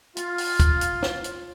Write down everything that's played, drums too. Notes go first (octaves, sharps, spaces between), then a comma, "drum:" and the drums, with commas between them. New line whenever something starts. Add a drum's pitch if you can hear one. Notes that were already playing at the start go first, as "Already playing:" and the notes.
F4, drum: hi-hat
drum: open hi-hat
drum: kick, hi-hat
drum: hi-hat
drum: snare
drum: hi-hat